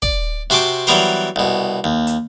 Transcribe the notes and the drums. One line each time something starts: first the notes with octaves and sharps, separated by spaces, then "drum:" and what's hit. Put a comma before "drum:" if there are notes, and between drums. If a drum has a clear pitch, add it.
D5, drum: kick
C3 F#4 C5 A5 D6
E3 F#3 G3 B3 A#4 C5
C2 B2
D#2
drum: hi-hat